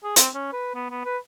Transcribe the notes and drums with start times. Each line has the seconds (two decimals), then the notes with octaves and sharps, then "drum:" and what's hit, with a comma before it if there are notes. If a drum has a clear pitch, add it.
0.04 G#4
0.16 C4, drum: hi-hat
0.34 C#4
0.52 B4
0.75 B3
0.90 B3
1.05 B4